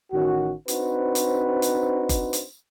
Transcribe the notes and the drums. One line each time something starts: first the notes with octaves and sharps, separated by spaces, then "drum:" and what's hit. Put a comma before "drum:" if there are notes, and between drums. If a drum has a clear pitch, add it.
A1 D#3 C#4 F#4
C4 D4 D#4 F#4 B4 C5, drum: hi-hat
drum: hi-hat
drum: hi-hat
drum: kick F#1, hi-hat
drum: hi-hat